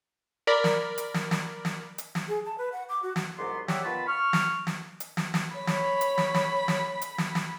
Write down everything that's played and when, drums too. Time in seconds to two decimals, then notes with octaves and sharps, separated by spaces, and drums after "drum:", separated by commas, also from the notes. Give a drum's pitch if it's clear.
0.47 A#4 D5 B5
0.64 drum: snare
0.98 drum: hi-hat
1.14 drum: snare
1.31 drum: snare
1.65 drum: snare
1.98 drum: hi-hat
2.15 drum: snare
2.28 G#4
2.45 A5
2.58 B4
2.72 F#5
2.89 D6
3.03 F#4
3.16 drum: snare
3.38 C2 G#2 F#3 B3 D5 C6
3.68 G4 C#5 D5 E5 F#5, drum: snare
3.84 D#3 B3 F4 A5 B5
4.07 C#6 F6
4.33 drum: snare
4.67 drum: snare
5.00 drum: hi-hat
5.17 drum: snare
5.34 drum: snare
5.56 C#5 B5
5.67 drum: snare
6.01 drum: hi-hat
6.18 drum: snare
6.34 drum: snare
6.68 drum: snare
7.02 drum: hi-hat
7.18 drum: snare
7.35 drum: snare